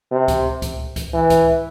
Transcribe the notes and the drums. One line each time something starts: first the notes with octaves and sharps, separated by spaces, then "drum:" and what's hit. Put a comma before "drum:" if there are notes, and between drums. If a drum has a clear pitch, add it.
C3
drum: kick C#2, hi-hat
drum: kick C#2, hi-hat
drum: kick C#2, hi-hat
E3
drum: kick C#2, hi-hat